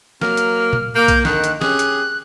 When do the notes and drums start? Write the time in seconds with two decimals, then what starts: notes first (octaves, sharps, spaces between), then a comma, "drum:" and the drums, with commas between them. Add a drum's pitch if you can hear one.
0.21 F#3 A#3 F6, drum: snare
0.37 drum: hi-hat
0.73 drum: tom A#2
0.95 A#3 G6
1.08 drum: kick B1, hi-hat
1.25 D3 D#3 F#6, drum: snare
1.44 drum: hi-hat
1.61 C#4 G4 G#4 F#6, drum: snare
1.79 drum: hi-hat